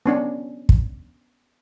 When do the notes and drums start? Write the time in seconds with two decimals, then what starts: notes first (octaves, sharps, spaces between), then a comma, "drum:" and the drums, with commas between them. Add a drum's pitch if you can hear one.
0.06 B3 C#4 D4
0.69 drum: kick